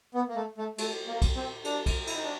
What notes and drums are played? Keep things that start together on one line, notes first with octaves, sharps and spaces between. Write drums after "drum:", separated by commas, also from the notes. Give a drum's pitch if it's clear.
B3
A#3
A3
A3
A3, drum: cymbal
A#3
drum: kick, cymbal
C4
D4, drum: cymbal
drum: kick, cymbal
E4, drum: cymbal
D#4
D4